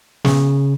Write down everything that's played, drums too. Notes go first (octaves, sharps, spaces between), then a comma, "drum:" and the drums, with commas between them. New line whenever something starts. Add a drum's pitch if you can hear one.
C#3, drum: snare